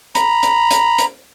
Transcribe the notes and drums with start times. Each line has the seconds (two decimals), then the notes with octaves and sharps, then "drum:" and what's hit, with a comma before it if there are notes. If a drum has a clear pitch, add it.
0.15 A#5 B5, drum: hi-hat
0.43 drum: hi-hat
0.71 drum: hi-hat
0.98 drum: hi-hat